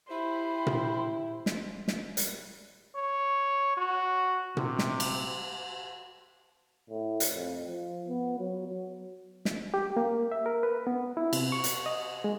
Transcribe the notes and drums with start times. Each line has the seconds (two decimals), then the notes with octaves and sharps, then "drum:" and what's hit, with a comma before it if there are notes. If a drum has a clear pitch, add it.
0.11 E4 G4 C5 B5
0.67 drum: tom A#2
1.46 drum: snare
1.88 drum: snare
2.17 drum: hi-hat
2.96 C#5
3.77 F#4
4.57 C3, drum: tom A#2
4.79 drum: snare
5.00 drum: cymbal
6.89 A2
7.20 drum: hi-hat
7.33 F2
7.66 F3
8.08 B3
8.39 F#3
8.68 F#3
9.45 drum: snare
9.74 G4
9.97 A#3
10.32 E5
10.46 A#4
10.63 B4
10.87 B3
11.17 E4
11.33 C3, drum: cymbal
11.52 C#6
11.64 drum: hi-hat
11.86 D#5
12.24 G#3